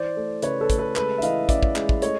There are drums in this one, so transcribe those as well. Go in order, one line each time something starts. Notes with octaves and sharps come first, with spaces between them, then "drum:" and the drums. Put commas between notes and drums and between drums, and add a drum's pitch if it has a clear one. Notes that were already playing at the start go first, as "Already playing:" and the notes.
Already playing: E3 C5 D5
A3
C#3 B4 C#5, drum: hi-hat
A4 B4
A3, drum: kick, hi-hat
A4 B4
G#3 A4 B4, drum: clap
E5
E3 D#5 F5, drum: hi-hat
C#4 D5 E5, drum: kick, hi-hat
drum: kick
G#3, drum: clap
drum: kick
A3 C#5 D#5, drum: hi-hat